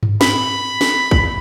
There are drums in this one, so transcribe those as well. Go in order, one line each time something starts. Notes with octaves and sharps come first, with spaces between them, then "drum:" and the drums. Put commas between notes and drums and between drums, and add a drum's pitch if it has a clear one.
drum: tom G2
B5, drum: snare
drum: snare
drum: kick